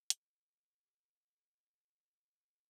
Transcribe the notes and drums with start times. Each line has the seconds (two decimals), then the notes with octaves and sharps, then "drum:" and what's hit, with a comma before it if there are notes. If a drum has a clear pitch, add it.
0.10 F#4, drum: hi-hat
0.25 D#4
0.48 E5
0.63 C#5
0.82 G4
1.02 A#4
1.15 F5
1.36 G#4
1.54 E4
1.74 A4
1.89 C#4
2.35 D#4